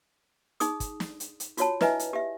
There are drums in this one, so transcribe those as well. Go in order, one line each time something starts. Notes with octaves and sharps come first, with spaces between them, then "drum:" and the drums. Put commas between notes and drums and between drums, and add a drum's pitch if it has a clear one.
D#4 G#4 D#6, drum: hi-hat
drum: kick, hi-hat
drum: snare
drum: hi-hat
drum: hi-hat
F4 F#4 C#5 A5, drum: hi-hat
E4 B4 D#5 E5 G#5, drum: snare
drum: hi-hat
G4 E5